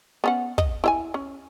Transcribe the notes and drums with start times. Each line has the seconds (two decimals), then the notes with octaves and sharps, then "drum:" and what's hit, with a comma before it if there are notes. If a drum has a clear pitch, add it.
0.24 B3 C#4 F#5
0.58 D#5, drum: kick
0.84 E4 E5 G#5
1.14 C#4